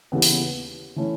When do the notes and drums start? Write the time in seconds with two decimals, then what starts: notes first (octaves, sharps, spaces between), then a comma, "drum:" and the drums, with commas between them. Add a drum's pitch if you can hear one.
0.12 D#2 C#3 E3 B3
0.22 drum: open hi-hat
0.96 E3 A3 C#4 E4